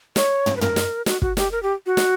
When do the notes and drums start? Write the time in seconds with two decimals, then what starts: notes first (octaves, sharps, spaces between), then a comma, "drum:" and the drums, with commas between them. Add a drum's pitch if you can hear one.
0.16 C#5, drum: snare
0.46 drum: tom
0.57 B4
0.61 A#4, drum: tom
0.76 drum: snare
1.06 F#4, drum: snare
1.22 F#4, drum: kick
1.37 G4, drum: snare
1.51 A#4
1.63 G4
1.86 F#4
1.97 drum: snare